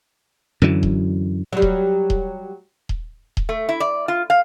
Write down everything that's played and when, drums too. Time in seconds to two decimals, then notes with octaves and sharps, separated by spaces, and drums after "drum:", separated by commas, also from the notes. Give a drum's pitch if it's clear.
0.62 F#2 D3 E3 F#3
0.83 drum: kick D#1
1.53 F#3 G3
1.62 drum: kick D#1
2.10 drum: kick D#1
2.89 drum: kick D#1
3.37 drum: kick D#1
3.49 A3
3.69 E4
3.80 D5
4.08 F4
4.30 F5